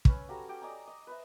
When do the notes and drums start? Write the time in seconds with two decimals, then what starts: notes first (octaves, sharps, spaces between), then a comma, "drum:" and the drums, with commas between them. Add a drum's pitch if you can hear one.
0.05 C#4 B4 C#5 E6, drum: kick
0.29 F#4 G4 A4 A#5
0.49 G4 G5
0.62 D5 D#5 G#5 A#5
0.87 D#5
1.07 B4 C5 E5